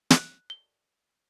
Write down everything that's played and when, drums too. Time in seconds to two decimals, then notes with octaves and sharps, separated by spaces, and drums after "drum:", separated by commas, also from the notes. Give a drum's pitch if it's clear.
0.10 F#6, drum: snare
0.50 G7